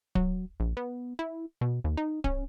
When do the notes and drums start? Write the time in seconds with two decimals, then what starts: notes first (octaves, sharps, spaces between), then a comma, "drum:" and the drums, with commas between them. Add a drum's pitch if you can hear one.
0.15 F#3, drum: kick D1
0.60 A#1
0.77 B3
1.19 E4
1.61 B2
1.84 D#2
1.97 D#4
2.24 C#4, drum: kick D1